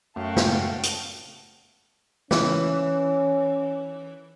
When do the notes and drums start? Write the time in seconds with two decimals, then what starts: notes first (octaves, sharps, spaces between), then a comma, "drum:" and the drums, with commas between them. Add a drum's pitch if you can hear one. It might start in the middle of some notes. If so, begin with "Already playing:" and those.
0.16 F#2 A3 F#4 F5 G5 A5
0.37 drum: snare
0.83 drum: hi-hat
2.31 E3 C#4, drum: snare